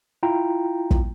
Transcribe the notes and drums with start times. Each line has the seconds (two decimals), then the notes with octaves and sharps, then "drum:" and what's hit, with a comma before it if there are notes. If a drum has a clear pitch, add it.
0.23 E4 F4 G5 A#5
0.91 drum: kick